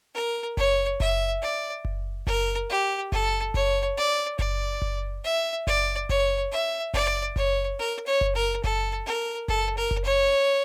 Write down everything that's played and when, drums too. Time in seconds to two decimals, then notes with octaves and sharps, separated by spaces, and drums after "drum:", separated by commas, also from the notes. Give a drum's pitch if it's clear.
0.15 A#4
0.57 C#5, drum: kick F#1
1.00 E5, drum: kick F#1
1.42 D5
1.85 drum: kick F#1
2.27 A#4, drum: kick F#1
2.70 G4
3.12 A4, drum: kick F#1
3.54 C#5, drum: kick F#1
3.97 D5
4.39 D5, drum: kick F#1
4.82 drum: kick F#1
5.24 E5
5.67 D5, drum: kick F#1
6.09 C#5, drum: kick F#1
6.52 E5
6.94 D5, drum: kick F#1
7.36 C#5, drum: kick F#1
7.79 A#4
8.07 C#5
8.21 drum: kick F#1
8.35 A#4
8.64 A4, drum: kick F#1
9.06 A#4
9.48 A4, drum: kick F#1
9.77 A#4
9.91 drum: kick F#1
10.04 C#5